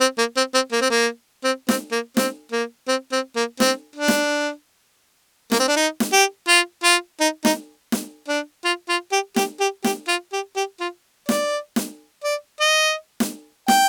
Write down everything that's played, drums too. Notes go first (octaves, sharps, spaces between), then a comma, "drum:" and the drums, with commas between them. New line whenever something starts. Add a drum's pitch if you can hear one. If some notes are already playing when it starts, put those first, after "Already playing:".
C4
A#3
C4
C4
A#3
C4
A#3
C4
C4, drum: snare
A#3
C4, drum: snare
A#3
C4
C4
A#3
C4, drum: snare
D4
drum: snare
A#3, drum: snare
C4
D4
D#4
drum: snare
G4
F4
F4
D#4
D#4, drum: snare
drum: snare
D4
F4
F4
G4
G4, drum: snare
G4
G4, drum: snare
F4
G4
G4
F4
D5, drum: snare
drum: snare
D5
D#5
drum: snare
G5, drum: snare